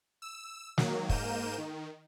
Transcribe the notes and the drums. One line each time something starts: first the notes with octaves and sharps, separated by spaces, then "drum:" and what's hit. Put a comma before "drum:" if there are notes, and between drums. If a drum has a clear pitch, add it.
E6
D#3 F#3 A#3, drum: snare
G#2 A#3 A#4 G6 D#7 E7, drum: kick
D#3